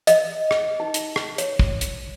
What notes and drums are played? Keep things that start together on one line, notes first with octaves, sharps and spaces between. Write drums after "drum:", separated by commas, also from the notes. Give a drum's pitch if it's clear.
D#5, drum: hi-hat
drum: rim click
D#4
drum: hi-hat
drum: rim click
C#5, drum: hi-hat
drum: kick
drum: hi-hat